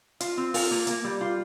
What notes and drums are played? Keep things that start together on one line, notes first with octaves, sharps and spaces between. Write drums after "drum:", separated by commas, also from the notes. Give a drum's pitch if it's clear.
F4, drum: hi-hat
C4
F4, drum: open hi-hat
A#3
A#3, drum: hi-hat
G3
F4